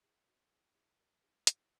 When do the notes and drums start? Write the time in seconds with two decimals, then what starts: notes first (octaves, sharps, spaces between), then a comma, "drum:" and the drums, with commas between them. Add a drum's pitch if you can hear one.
0.03 E4 G#4
0.27 D#4 F#4
0.51 E4 G#4
0.75 E4 G#4
0.99 F#4 A#4
1.23 E4 G#4
1.47 D#4 F#4, drum: hi-hat
1.62 E4